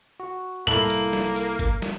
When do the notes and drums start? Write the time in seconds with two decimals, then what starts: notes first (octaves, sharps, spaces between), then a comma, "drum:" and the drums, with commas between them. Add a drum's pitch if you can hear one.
0.20 F#4
0.67 C2 A#3 E4 A4 F#7, drum: tom A2
0.90 drum: hi-hat
1.13 drum: snare
1.36 drum: hi-hat
1.59 drum: kick G1, hi-hat
1.82 drum: snare